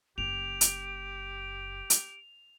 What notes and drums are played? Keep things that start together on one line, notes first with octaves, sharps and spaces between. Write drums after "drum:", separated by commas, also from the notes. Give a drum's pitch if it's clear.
F#1 G4 D7 F7
drum: hi-hat
drum: hi-hat